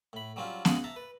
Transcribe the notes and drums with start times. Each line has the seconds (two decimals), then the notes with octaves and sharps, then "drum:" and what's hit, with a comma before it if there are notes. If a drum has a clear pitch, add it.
0.13 A2 B5
0.36 F#3 G3 C4 C#4 F4
0.65 F#4 G#4 C#5 D#5 F5 F#5, drum: snare B3
0.84 E5 A5 A#5
0.96 B4